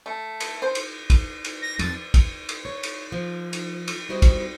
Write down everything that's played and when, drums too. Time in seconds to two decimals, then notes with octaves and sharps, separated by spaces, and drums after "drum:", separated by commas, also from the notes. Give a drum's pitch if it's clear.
0.06 A3
0.40 drum: cymbal
0.62 C5
0.75 drum: cymbal
1.10 drum: kick, cymbal
1.45 drum: cymbal
1.62 A#6
1.79 F2 A6, drum: cymbal
2.14 drum: kick, cymbal
2.49 drum: cymbal
2.65 C#5
2.83 drum: cymbal
3.12 F3
3.53 drum: cymbal
3.88 drum: cymbal
4.09 G3 C4 E4 F#4 C5 D#5
4.22 drum: kick, cymbal